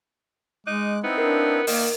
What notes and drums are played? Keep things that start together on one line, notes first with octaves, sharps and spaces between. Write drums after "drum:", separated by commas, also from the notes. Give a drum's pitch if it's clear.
G#3 D#4 D6 F#6
B3 C4 D#4 E4
D4 A#4
D#3 A#3, drum: open hi-hat